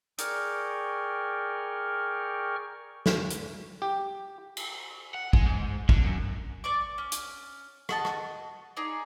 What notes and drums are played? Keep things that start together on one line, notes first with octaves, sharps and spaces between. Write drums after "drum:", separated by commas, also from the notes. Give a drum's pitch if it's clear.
G#4 A#4 D5 G5 C#6 F6, drum: hi-hat
drum: snare
drum: hi-hat
G4
drum: cymbal
F#5
G#3, drum: kick
G#2
D3, drum: kick
F#2
D5 C#6 D6
C#4
drum: hi-hat
F#4 D#5 A5, drum: rim click
drum: rim click
D#4 G#4 D5